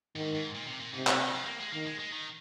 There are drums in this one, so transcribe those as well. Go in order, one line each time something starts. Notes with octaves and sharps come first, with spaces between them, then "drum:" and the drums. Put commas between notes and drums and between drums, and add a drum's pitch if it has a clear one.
G#2 D#3
G#2
A#2
C3
A#2
G#2 C3
A#2, drum: clap
D#3
F3
A#3
G#3
D#3 A#3
G#3
G#3
D#3